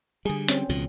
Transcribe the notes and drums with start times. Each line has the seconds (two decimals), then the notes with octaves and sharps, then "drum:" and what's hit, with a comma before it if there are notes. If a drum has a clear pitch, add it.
0.25 D3 G3 G#4
0.48 C4 C#4, drum: hi-hat
0.69 C#2 B2 F3